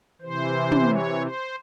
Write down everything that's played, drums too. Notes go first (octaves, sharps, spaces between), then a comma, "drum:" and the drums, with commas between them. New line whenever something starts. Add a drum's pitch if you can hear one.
C3 E3 C5
drum: tom
C#5
C5